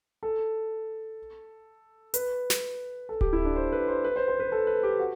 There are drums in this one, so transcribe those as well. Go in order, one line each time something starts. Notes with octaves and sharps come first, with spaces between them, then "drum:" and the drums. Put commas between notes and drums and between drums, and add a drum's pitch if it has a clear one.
A4
B4, drum: hi-hat
drum: snare
A4
G4, drum: kick D1
E4
D4
C5
B4
C5
B4
C5
C5
B4
A4
B4
G4
F#4